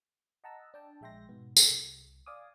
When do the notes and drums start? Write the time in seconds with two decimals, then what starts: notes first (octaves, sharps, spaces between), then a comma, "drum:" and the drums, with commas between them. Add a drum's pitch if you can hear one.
0.44 D#5 F#5 A5 A#5 E6
0.74 D4 G5 A5
1.01 A#1 G#3 E5 G5 C6 A#6
1.29 G#2 B2 B3
1.57 drum: tambourine
1.70 C2
2.26 D5 F5 G#5 D6 D#6